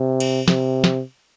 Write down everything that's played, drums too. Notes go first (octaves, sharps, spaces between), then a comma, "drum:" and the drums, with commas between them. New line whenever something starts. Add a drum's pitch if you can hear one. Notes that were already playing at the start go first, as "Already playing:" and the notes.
Already playing: C3
drum: cymbal
C3, drum: snare
drum: snare